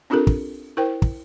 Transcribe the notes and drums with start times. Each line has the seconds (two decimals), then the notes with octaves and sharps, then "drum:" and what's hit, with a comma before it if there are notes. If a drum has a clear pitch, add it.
0.10 C4 D4 F4 G4 A4 A#4
0.27 drum: kick
0.77 E4 A#4 C5 G5
1.02 drum: kick